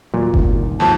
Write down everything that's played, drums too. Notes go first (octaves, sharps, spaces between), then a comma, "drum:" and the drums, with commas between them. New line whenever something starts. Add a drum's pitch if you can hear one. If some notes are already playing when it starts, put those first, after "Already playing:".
D#1 A#2 F#3
G1 C2 D#3, drum: kick F#1
D#2 G#2 F3 A5